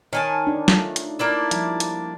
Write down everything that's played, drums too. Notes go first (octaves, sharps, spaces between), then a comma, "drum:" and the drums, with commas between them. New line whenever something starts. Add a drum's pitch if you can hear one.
D#3 C#5 G#5 A5
D4 D#4
A3 F4 D5, drum: snare
drum: hi-hat
A#3 D4 E4
F3 G3, drum: hi-hat
drum: hi-hat